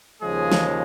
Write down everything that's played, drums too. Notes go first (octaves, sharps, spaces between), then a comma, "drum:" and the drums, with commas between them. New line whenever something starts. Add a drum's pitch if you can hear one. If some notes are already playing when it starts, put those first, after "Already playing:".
D#2 C#3 F3 G#3 G#4
drum: snare